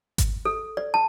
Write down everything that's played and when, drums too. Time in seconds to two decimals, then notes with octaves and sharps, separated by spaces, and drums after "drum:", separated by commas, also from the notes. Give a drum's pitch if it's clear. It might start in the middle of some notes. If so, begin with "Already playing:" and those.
0.18 drum: kick G#1, hi-hat
0.45 A4
0.77 D5
0.94 A5